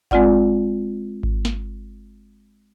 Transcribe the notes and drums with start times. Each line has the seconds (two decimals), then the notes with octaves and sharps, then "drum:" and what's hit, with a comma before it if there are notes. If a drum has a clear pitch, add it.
0.11 G#3 C4 F4 D5 F#5, drum: kick G#1
1.23 drum: kick G#1
1.45 drum: snare